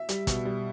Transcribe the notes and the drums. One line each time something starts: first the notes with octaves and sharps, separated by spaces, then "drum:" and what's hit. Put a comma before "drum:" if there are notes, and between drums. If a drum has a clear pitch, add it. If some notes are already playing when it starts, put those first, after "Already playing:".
Already playing: E5
G3, drum: hi-hat
B2, drum: kick, hi-hat
G3